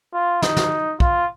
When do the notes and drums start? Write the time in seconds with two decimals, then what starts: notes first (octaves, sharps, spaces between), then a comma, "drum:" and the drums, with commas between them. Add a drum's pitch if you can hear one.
0.14 F4
0.42 D#4, drum: snare
0.57 drum: snare
1.00 F4, drum: kick